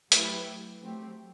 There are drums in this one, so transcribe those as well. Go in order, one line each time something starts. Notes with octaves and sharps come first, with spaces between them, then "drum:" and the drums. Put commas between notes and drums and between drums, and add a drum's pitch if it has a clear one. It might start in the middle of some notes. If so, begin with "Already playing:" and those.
F#3 A3 E4 G4 B4, drum: hi-hat
F#3 A3 C4 G4